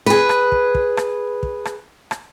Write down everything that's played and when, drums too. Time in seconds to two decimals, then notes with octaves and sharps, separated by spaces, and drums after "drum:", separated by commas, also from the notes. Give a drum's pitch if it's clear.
0.06 G#4 B4
0.29 drum: rim click
0.52 drum: kick
0.75 drum: kick
0.97 drum: rim click
1.43 drum: kick
1.65 drum: rim click
2.11 drum: rim click